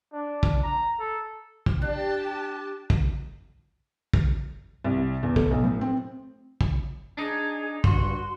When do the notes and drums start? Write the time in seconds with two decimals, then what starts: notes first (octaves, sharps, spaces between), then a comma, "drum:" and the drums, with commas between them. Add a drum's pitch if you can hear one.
0.13 D4
0.43 drum: kick
0.63 A#5
0.99 A4
1.66 drum: kick
1.82 D4 G4 A5
2.90 drum: kick
4.13 drum: kick
4.84 C2
5.23 E2
5.36 A3, drum: kick
5.51 B1
5.64 A2
5.81 C4
6.61 drum: kick
7.17 D4 D#4 G#4
7.84 G2 F#4 C6, drum: kick